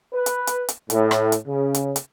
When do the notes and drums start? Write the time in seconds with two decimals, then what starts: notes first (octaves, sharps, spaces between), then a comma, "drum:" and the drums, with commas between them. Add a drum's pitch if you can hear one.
0.12 B4
0.26 drum: hi-hat
0.47 drum: hi-hat
0.69 drum: hi-hat
0.90 A2, drum: hi-hat
1.11 drum: rim click
1.32 drum: hi-hat
1.47 C#3
1.75 drum: hi-hat
1.96 drum: hi-hat